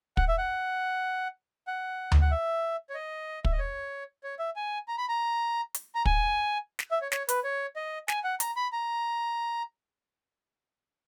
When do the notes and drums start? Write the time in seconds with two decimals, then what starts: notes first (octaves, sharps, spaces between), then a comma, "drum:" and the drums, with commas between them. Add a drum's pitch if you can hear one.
0.17 F#5, drum: kick
0.28 E5
0.38 F#5
1.67 F#5
2.12 drum: tom D2
2.22 F#5
2.31 E5
2.90 C#5
2.95 D#5
3.45 E5, drum: kick
3.52 D#5
3.59 C#5
4.24 C#5
4.39 E5
4.56 G#5
4.88 A#5
4.98 B5
5.09 A#5
5.74 drum: hi-hat
5.95 A#5
6.05 G#5, drum: kick
6.79 drum: snare
6.91 E5
7.01 C#5
7.12 C#5, drum: snare
7.29 B4, drum: hi-hat
7.44 C#5
7.76 D#5
8.08 G#5, drum: snare
8.24 F#5
8.40 A#5, drum: hi-hat
8.56 B5
8.73 A#5